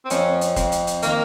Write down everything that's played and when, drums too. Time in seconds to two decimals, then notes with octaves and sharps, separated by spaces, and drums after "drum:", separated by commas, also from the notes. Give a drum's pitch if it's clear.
0.05 C4
0.10 F2 F3 C#4, drum: hi-hat
0.41 drum: hi-hat
0.56 F2 F3, drum: kick E1, hi-hat
0.72 drum: hi-hat
0.87 drum: hi-hat
1.02 D#3 A#3, drum: hi-hat